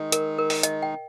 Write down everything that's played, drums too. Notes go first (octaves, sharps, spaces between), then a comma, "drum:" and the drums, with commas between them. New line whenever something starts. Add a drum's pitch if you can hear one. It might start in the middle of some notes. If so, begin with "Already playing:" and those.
Already playing: D#3 G#3 D#4
A#4, drum: hi-hat
A#4
drum: open hi-hat
D#5, drum: hi-hat
G5